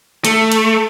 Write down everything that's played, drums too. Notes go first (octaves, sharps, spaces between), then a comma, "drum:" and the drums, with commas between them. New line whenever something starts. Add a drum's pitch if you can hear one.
A3, drum: hi-hat
drum: hi-hat